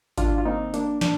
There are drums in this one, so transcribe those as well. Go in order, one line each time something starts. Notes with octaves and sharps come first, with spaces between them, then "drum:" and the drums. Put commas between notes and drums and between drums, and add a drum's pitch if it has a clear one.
D#3 D4 F4, drum: kick G#1, hi-hat
F4
A#3 C4 D#4
A#3 D4, drum: hi-hat
A#2 D4, drum: snare